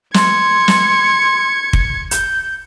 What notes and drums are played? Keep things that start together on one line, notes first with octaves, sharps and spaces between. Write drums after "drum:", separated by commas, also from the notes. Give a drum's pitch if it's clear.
C6 G#6 C#7, drum: snare
drum: snare
drum: kick
G6, drum: hi-hat